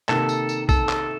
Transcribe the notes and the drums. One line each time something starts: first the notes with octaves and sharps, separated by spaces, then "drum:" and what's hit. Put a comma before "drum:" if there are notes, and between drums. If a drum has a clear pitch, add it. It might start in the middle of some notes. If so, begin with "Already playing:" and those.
C3 D#3 A#3 A4, drum: clap
drum: tambourine
drum: tambourine
A4, drum: kick, tambourine
drum: clap